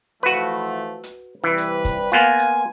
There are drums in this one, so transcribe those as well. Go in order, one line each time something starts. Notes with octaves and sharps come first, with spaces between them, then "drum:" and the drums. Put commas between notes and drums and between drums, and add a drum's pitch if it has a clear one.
E3 F3 A3 F#4 B4
drum: hi-hat
C3 E3 G3 B4
drum: hi-hat
drum: kick, hi-hat
A#3 B3 F4 F5 G#5, drum: hi-hat
drum: hi-hat